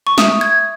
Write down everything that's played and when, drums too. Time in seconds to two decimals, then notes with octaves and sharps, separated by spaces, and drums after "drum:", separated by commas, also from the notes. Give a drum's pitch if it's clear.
0.07 C#6
0.18 E5 D#6, drum: snare
0.41 G#6